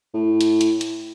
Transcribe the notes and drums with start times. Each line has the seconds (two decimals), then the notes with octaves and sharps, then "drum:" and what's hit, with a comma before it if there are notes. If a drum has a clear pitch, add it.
0.14 A2
0.41 drum: hi-hat
0.61 drum: hi-hat
0.81 drum: hi-hat